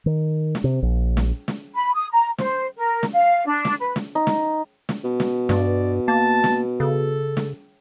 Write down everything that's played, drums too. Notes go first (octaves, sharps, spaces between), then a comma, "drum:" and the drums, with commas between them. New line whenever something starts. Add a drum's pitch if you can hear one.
D#3
drum: snare
C3
A#1
drum: snare
drum: snare
B5
D#6
A#5
C5, drum: snare
A#4
drum: snare
F5
D4
drum: snare
B4
drum: snare
D#4
drum: snare
drum: snare
B2
drum: snare
G2 D5, drum: snare
A#3 A5
drum: snare
C#3 A4
drum: snare